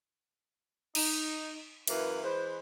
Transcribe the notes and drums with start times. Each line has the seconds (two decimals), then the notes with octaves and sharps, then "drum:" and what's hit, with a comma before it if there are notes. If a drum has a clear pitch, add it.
0.95 D#4, drum: cymbal
1.87 F#2 E3 A#3 E4 B4, drum: cymbal
2.23 E3 G#3 B4 C5